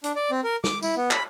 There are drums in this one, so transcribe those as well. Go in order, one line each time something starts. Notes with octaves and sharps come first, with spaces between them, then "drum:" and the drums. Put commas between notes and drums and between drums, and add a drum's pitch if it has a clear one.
D4, drum: hi-hat
D5
C4
A#4
D6, drum: snare
E4, drum: tambourine
B3
B5, drum: clap